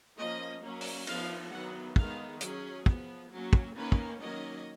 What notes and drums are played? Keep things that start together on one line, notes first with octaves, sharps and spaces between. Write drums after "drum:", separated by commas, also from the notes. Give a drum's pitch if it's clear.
F3 A#3 C#4 D#5
F#3 A#3 C#4
drum: open hi-hat
F3 B3 F5, drum: cymbal
D#3 F#3 B3 F#5
D#3 G#3 B3 F5, drum: kick
F#3 C#4 G#4, drum: hi-hat
F3 B3, drum: kick
F#3 A#3 C#4
drum: kick
D#3 A#3 C#4 B4
drum: kick
D#3 F#3 A#3 C#4 D#5